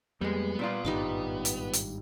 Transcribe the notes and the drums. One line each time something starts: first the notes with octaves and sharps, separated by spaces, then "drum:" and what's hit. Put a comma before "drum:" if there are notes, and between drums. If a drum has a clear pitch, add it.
F2 G3 G#3 A#3 B3
A#2 G3 D4 F4
G#1 G2 G3 D#4 D6
drum: hi-hat
drum: hi-hat